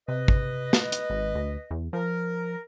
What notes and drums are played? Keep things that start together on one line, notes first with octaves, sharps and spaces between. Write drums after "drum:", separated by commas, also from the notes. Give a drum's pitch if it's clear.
C3 B4 D#5
drum: kick
drum: snare
drum: hi-hat
G#1
D2
E2
F3 A#4